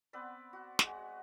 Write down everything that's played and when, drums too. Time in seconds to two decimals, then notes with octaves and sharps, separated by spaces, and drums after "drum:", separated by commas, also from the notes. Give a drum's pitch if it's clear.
0.13 B3 C4 B4 D5
0.53 F#4
0.79 G#3 F#4 F#5 G#5, drum: snare